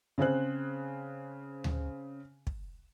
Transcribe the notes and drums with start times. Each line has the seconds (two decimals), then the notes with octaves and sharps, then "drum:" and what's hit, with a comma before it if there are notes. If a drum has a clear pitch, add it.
0.18 C#3 C4 G#4 C5 F#6
1.64 drum: tom D2
2.47 drum: kick